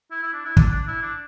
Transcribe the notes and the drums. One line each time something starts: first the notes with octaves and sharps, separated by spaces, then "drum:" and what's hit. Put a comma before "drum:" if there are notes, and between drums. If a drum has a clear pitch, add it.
E4
E4
D4
E4
D4, drum: kick
D4
E4
D4